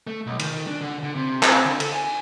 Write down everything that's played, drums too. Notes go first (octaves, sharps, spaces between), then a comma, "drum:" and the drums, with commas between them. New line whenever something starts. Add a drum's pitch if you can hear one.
A3
B1
D#3, drum: cymbal
D4
D3
D3
C3
C4, drum: clap
D3
A4, drum: cymbal
G#5